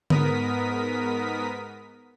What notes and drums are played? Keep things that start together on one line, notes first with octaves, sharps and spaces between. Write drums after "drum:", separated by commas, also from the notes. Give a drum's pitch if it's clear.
G#2 B3 A#4 D#6 B6, drum: tom D3